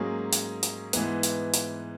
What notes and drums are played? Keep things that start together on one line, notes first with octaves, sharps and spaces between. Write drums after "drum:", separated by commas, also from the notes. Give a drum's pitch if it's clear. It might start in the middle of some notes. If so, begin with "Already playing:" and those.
Already playing: G#2 F#3 A#3 C#4 G#4
drum: hi-hat
drum: hi-hat
G#2 E3 G#3 B3, drum: hi-hat
drum: hi-hat
drum: hi-hat